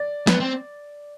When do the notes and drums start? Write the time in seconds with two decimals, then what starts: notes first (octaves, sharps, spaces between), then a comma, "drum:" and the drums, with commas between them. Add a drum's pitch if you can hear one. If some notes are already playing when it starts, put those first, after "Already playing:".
Already playing: D5
0.27 B3, drum: snare
0.40 C4